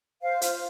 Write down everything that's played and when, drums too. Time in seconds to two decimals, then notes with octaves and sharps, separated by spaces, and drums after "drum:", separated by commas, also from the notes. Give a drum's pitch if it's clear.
0.21 C5 F5
0.42 F4, drum: hi-hat